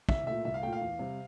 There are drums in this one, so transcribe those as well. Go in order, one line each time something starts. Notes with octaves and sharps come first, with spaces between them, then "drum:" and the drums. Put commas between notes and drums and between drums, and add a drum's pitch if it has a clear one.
C2 E5, drum: kick
A#2 A3 E5
C2 E5
F5
A#2 A3 G5
F5
E2
C3 G3